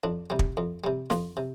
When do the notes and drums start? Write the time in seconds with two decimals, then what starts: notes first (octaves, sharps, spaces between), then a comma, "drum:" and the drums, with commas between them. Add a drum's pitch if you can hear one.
0.04 F2 D4
0.30 C3 G3
0.39 drum: kick
0.57 F2
0.84 C3 G3
1.10 F2 F4, drum: snare
1.37 C3